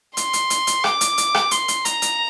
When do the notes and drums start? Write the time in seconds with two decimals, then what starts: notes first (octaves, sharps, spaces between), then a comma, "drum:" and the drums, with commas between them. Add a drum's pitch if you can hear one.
0.17 C6, drum: hi-hat
0.33 drum: hi-hat
0.50 drum: hi-hat
0.67 drum: hi-hat
0.84 D6, drum: rim click
1.01 drum: hi-hat
1.18 drum: hi-hat
1.34 drum: rim click
1.51 C6, drum: hi-hat
1.68 drum: hi-hat
1.85 A#5, drum: hi-hat
2.02 drum: hi-hat